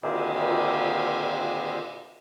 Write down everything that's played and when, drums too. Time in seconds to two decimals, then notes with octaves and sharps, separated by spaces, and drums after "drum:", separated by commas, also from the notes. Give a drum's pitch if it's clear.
0.03 A#2 D3 D#3 C4 G4 G#4, drum: cymbal
0.41 drum: cymbal